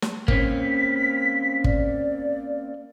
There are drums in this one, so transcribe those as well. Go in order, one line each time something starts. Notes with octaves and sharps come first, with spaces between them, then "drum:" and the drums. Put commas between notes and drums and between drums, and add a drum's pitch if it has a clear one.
drum: snare
A#3 C4 C#4 B6, drum: kick
D5, drum: kick